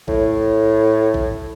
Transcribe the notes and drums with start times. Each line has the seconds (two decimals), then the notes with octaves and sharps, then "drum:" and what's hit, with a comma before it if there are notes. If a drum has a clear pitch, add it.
0.08 A2, drum: kick A#1
1.14 drum: kick A#1